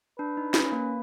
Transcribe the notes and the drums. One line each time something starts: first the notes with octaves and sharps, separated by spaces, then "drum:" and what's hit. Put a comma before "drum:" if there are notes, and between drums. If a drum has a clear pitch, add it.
D4 B4
D#4
C#4, drum: snare
A#3